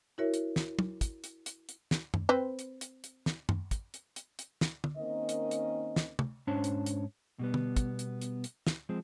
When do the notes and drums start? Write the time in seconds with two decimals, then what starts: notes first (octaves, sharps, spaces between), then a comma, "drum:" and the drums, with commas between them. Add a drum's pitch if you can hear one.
0.18 E4 F#4 A#4 C#5 E5
0.34 drum: hi-hat
0.56 drum: snare
0.79 drum: tom
1.01 drum: kick, hi-hat
1.24 drum: hi-hat
1.46 drum: hi-hat
1.69 drum: hi-hat
1.91 drum: snare
2.14 drum: tom F#2
2.29 C4 B4 C5
2.59 drum: hi-hat
2.81 drum: hi-hat
3.04 drum: hi-hat
3.26 drum: snare
3.49 drum: tom F#2
3.71 drum: kick, hi-hat
3.94 drum: hi-hat
4.16 drum: hi-hat
4.39 drum: hi-hat
4.61 drum: snare
4.84 drum: tom
4.98 D#3 A#3 C4 C#4 D#5
5.29 drum: hi-hat
5.51 drum: hi-hat
5.96 drum: snare
6.19 drum: tom
6.47 G#2 C#4 D4 C5 C#5 A5
6.64 drum: hi-hat
6.86 drum: hi-hat
7.39 B2 G3 B3
7.54 drum: tom
7.76 drum: kick, hi-hat
7.99 drum: hi-hat
8.22 drum: hi-hat
8.44 drum: hi-hat
8.67 drum: snare
8.89 F3 G#3 C4